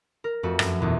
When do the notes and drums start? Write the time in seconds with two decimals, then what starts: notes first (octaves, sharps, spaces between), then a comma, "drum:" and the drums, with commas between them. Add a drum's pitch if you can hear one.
0.24 A#4
0.43 F2 A3 F#4 B4
0.59 F#2, drum: rim click
0.80 A#1 E2 B2